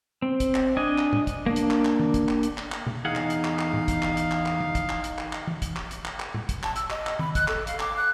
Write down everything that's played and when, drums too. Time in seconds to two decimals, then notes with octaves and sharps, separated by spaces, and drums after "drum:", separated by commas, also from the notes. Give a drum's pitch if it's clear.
0.22 C4
0.40 drum: kick, hi-hat
0.55 drum: clap
0.77 D4 D#5 G#5
0.98 drum: clap
1.13 drum: tom
1.27 drum: kick, hi-hat
1.46 A#3 D4
1.56 drum: hi-hat
1.71 drum: clap
1.85 drum: clap
2.00 drum: tom D#3
2.14 drum: kick, hi-hat
2.29 drum: clap
2.43 drum: hi-hat
2.58 drum: clap
2.72 drum: clap
2.87 drum: tom B2
3.05 E2 D#4 G#4 F5 F#5
3.16 drum: clap
3.30 drum: hi-hat
3.45 drum: clap
3.59 drum: clap
3.74 drum: tom
3.88 drum: kick, hi-hat
4.03 drum: clap
4.17 drum: hi-hat
4.32 drum: clap
4.46 drum: clap
4.61 drum: tom
4.75 drum: kick, hi-hat
4.89 drum: clap
5.04 drum: hi-hat
5.18 drum: clap
5.33 drum: clap
5.47 drum: tom
5.62 drum: kick, hi-hat
5.76 drum: clap
5.91 drum: hi-hat
6.05 drum: clap
6.20 drum: clap
6.34 drum: tom
6.49 drum: kick, hi-hat
6.63 A5, drum: clap
6.76 E6, drum: hi-hat
6.90 D#5, drum: clap
7.07 drum: clap
7.19 B5, drum: tom D#3
7.35 F#6, drum: kick, hi-hat
7.48 A4, drum: clap
7.67 F5, drum: hi-hat
7.80 D6, drum: clap
7.97 F#6